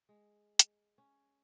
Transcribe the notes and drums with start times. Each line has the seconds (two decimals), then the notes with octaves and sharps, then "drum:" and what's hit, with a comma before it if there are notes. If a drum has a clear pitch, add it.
0.09 G#3
0.59 drum: hi-hat
0.98 C#4